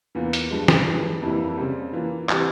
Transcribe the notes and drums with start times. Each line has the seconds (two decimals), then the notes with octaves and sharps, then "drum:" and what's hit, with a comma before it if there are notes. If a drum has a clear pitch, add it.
0.15 E2 E3 A#3 F4
0.33 drum: hi-hat
0.50 G2 F3 G#3
0.68 drum: snare
0.87 G2 E3 G#3
1.22 F2 E3 G3 A#3 E4
1.57 C#3 G3 C4 G4
1.93 E3 A#3 F4
2.29 E3 G3 C4 G4, drum: clap